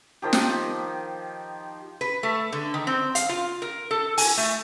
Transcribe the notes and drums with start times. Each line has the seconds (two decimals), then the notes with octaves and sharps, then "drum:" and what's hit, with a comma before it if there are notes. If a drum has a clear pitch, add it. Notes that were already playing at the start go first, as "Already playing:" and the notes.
0.22 D#3 F3 G4
0.33 drum: snare
2.01 B4
2.23 A3
2.52 D3
2.74 D#3
2.87 C4
3.15 F5, drum: hi-hat
3.29 F4
3.62 A#4
3.91 A4
4.18 G#5, drum: open hi-hat
4.37 A3